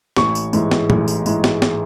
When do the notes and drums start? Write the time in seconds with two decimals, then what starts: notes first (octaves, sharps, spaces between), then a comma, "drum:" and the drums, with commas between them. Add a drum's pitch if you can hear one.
0.16 A1 C#6, drum: snare
0.35 drum: tambourine
0.53 G#2 E3 G#3, drum: tambourine
0.71 drum: snare
0.90 A1, drum: tom
1.08 drum: tambourine
1.26 G#2 E3 G#3, drum: tambourine
1.44 drum: snare
1.62 drum: snare